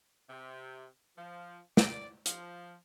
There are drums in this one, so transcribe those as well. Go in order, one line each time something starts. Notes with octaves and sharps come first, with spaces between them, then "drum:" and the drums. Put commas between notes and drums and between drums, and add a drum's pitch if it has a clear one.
C3
F3
D5, drum: snare
F3, drum: hi-hat